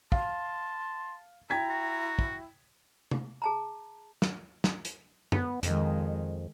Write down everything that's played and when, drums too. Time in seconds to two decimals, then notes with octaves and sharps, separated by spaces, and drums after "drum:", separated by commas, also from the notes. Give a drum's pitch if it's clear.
0.12 F5 A5 C6, drum: kick
1.50 E4 G5 A#5 G#6 B6
1.69 F#4
2.19 drum: kick
3.11 drum: tom
3.42 G#4 A5 A#5
4.22 drum: snare
4.64 drum: snare
4.85 drum: hi-hat
5.32 B3, drum: tom F#2
5.63 F2 D#3 G#3, drum: hi-hat